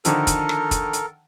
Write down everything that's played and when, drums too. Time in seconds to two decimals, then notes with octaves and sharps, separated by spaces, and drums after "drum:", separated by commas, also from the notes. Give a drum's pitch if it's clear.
0.05 D3 D#3 F3 A4 A#4, drum: hi-hat
0.27 drum: kick, hi-hat
0.49 drum: rim click
0.71 drum: kick, hi-hat
0.93 drum: hi-hat